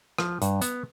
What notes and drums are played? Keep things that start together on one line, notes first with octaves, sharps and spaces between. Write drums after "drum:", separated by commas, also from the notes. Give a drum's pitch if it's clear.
F3, drum: rim click
G2, drum: hi-hat
B3, drum: hi-hat